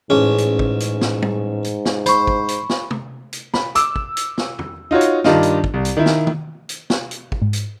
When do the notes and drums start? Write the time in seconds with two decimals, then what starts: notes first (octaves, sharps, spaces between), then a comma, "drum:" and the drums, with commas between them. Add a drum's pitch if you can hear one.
0.10 A1 G#2 C#4 G#4
0.38 drum: hi-hat
0.59 drum: kick
0.80 drum: hi-hat
1.01 drum: snare
1.22 drum: tom
1.64 drum: hi-hat
1.85 drum: snare
2.06 C5 B5 C#6, drum: hi-hat
2.27 drum: kick
2.48 drum: hi-hat
2.70 drum: snare
2.91 drum: tom
3.33 drum: hi-hat
3.54 B5, drum: snare
3.75 D6 E6, drum: hi-hat
3.96 drum: kick
4.17 drum: hi-hat
4.38 drum: snare
4.59 drum: tom
4.91 D#4 F4 F#4 C#5
5.01 drum: hi-hat
5.24 G2 D#3 D4 D#4 F4, drum: snare
5.43 drum: hi-hat
5.64 drum: kick
5.74 C2
5.85 drum: hi-hat
5.97 D#3 E4
6.06 drum: snare
6.27 drum: tom
6.69 drum: hi-hat
6.90 drum: snare
7.11 drum: hi-hat
7.32 drum: kick
7.42 G#2
7.53 drum: hi-hat